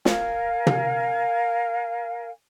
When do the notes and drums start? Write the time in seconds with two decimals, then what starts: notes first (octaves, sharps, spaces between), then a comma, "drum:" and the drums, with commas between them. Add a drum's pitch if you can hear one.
0.05 A#4 F5 G#5, drum: snare
0.67 drum: tom